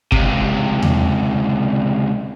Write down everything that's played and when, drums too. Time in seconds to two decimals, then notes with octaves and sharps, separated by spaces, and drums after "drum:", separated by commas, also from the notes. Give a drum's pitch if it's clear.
0.12 C#2 C3, drum: kick
0.83 drum: tom E2